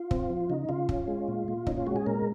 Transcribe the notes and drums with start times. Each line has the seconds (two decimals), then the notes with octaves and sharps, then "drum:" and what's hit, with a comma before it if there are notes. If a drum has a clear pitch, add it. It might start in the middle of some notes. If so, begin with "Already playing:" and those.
Already playing: F4
0.11 C4, drum: kick
0.30 F3
0.50 C#3 D#4
0.69 C#3 F4
0.89 C#4, drum: kick
1.08 G#3
1.28 A#2
1.48 A#2
1.67 C#4 D#4, drum: kick
1.78 F4
1.87 G#3 F#4
1.96 G#4
2.06 A#2 A#4